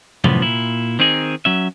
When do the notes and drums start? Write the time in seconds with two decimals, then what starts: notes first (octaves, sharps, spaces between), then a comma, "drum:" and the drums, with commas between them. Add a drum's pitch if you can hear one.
0.24 F#2 A2 E3 F3 B3, drum: tom C3
0.42 A#2 E4
0.99 D#3 C4 D#4 G#4
1.45 F#3 C#4 E5